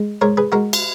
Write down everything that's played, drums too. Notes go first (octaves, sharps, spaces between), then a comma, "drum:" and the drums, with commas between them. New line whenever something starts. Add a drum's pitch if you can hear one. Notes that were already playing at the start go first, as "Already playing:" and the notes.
Already playing: G#3
G#2 A#4 C#5
G#4 B4
G#3 F#4 A#4
drum: cymbal